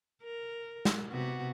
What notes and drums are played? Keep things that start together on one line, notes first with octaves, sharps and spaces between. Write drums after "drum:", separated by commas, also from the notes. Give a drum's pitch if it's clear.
A#4
drum: snare
C3 B3 F#4